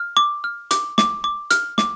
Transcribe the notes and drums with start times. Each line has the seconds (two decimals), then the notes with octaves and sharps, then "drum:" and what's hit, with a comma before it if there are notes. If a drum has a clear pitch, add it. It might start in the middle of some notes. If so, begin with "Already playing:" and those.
Already playing: F6
0.17 D6
0.44 F6
0.71 D6, drum: hi-hat
0.98 D6, drum: snare
1.24 D6
1.51 F6, drum: hi-hat
1.78 D6, drum: snare